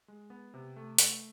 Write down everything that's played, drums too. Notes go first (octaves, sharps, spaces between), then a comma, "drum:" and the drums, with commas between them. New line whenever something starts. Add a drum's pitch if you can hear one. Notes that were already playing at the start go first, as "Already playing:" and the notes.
G#3
B3
C3
A3
A3, drum: hi-hat